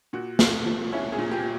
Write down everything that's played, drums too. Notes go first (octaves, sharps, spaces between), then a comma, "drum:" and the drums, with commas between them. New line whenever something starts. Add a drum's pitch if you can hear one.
A#2 F#4
A3, drum: snare
F3
C#4 E4
G#4
A#2
G4